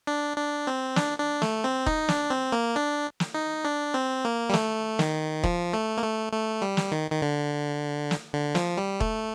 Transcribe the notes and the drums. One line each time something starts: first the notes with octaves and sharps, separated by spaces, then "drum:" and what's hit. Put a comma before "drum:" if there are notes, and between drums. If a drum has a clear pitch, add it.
D4
D4
C4
D4, drum: snare
D4
A3, drum: snare
C4
D#4, drum: kick E1
D4, drum: snare
C4
A#3
D4
drum: snare
D#4
D4
C4
A#3
G3
A3, drum: snare
D#3, drum: snare
F3, drum: kick E1
A3
A#3
A3
A3
G3
drum: snare
D#3
D#3
D3
drum: snare
D3
F3, drum: snare
G3
A3, drum: kick E1